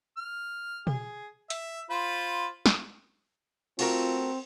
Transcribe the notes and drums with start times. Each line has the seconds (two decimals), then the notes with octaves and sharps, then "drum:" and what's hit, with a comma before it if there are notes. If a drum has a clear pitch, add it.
0.17 F6
0.87 G#4, drum: tom
1.50 E5, drum: hi-hat
1.90 F4 C5 B5
2.66 drum: snare
3.79 A3 C4 F4 F#4 A#4, drum: cymbal